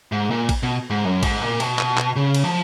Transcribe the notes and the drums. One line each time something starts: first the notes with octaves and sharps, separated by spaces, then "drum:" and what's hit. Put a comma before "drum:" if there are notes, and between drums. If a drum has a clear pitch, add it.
G#2
A#2
drum: kick, cymbal
B2
G#2
F#2
G#2, drum: kick, cymbal
A#2
B2, drum: cymbal
drum: clap
drum: clap
C#3
drum: cymbal
F3